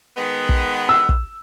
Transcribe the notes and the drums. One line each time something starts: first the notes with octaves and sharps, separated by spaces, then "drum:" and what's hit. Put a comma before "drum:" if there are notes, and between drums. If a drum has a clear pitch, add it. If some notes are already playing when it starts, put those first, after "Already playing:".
D#3 G#3 B3
drum: kick
E6
drum: kick